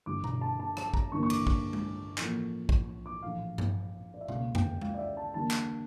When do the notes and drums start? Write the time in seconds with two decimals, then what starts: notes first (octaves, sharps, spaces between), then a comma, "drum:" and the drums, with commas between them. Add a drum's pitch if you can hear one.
0.06 G1 G2 E3 G3 D6
0.24 A#5, drum: tom B2
0.41 A5
0.60 A5
0.77 A5, drum: rim click
0.94 A#5, drum: kick
1.12 A1 G2 D3 G3 A#3 C#6
1.23 C#6
1.30 D6, drum: cymbal
1.47 C#6, drum: kick
1.73 drum: tom G#3
2.18 A1 A2 F3 A#3, drum: clap
2.69 drum: kick
3.06 D6
3.22 A#1 A2 E3 A3 F5
3.58 drum: tom G2
4.14 D5
4.21 E5
4.28 C#2 C#3 G3 A#3 F5, drum: tom B2
4.55 G5, drum: tom F2
4.81 F5, drum: tom G#3
4.94 D5
4.98 E5
5.17 A5
5.34 E2 D3 G3 A#3 A5
5.51 drum: clap